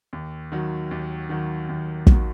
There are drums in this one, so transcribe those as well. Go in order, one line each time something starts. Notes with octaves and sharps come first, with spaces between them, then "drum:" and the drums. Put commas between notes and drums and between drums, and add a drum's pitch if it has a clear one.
D#2
D#3 F#3
D#2
D#3 F#3
D#2
D#3 F#3, drum: kick